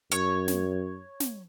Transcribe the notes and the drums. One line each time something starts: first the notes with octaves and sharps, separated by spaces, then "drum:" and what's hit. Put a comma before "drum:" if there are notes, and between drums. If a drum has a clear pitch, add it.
F#2 C#5, drum: hi-hat
drum: snare
drum: snare